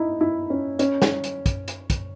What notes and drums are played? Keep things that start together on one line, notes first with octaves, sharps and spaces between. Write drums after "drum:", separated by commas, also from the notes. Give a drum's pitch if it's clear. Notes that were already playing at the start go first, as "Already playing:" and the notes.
Already playing: D#4 E4
E4
C#4
C#4, drum: hi-hat
drum: snare
drum: hi-hat
drum: kick, hi-hat
drum: hi-hat
drum: kick, hi-hat